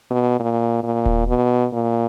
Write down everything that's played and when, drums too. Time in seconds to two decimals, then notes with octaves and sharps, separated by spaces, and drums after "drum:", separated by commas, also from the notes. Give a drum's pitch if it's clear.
0.10 B2
0.39 A#2
0.83 A#2
1.06 drum: kick D#1
1.27 B2
1.73 A#2